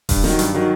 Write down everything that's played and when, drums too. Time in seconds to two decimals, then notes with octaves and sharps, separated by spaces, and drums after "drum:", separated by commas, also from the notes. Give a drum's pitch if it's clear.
0.09 G2, drum: kick D#1, open hi-hat
0.24 D#3 F#3, drum: snare
0.39 G2, drum: hi-hat
0.55 D#3 F#3